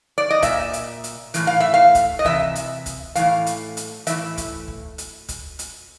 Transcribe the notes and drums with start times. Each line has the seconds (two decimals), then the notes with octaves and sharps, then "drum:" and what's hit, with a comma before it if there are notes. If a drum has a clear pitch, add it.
0.18 D5
0.30 D#5
0.42 A#2 E5, drum: kick, hi-hat
0.73 drum: hi-hat
1.04 drum: hi-hat
1.34 A2 E3, drum: hi-hat
1.47 F5
1.60 E5
1.74 F5
1.95 drum: kick, hi-hat
2.19 D#5
2.25 C3 E3 E5, drum: kick
2.55 drum: hi-hat
2.86 drum: kick, hi-hat
3.15 A2 E3 F5, drum: hi-hat
3.46 drum: hi-hat
3.77 drum: hi-hat
4.07 A2 E3 E5, drum: hi-hat
4.37 drum: kick, hi-hat
4.68 drum: kick
4.98 drum: hi-hat
5.29 drum: kick, hi-hat
5.59 drum: hi-hat